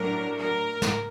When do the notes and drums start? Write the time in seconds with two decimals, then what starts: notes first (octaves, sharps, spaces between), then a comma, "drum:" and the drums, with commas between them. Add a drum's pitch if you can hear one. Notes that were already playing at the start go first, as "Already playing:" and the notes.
Already playing: A2 F#3 A3 D4 A#4
0.38 A#4
0.82 drum: snare